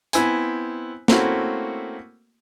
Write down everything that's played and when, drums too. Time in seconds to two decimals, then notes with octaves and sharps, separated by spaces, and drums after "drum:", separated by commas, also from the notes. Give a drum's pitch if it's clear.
0.13 B3 C4 E4 C5 G#5, drum: hi-hat
1.08 A3 A#3 C4 C#4 E4 F#4, drum: snare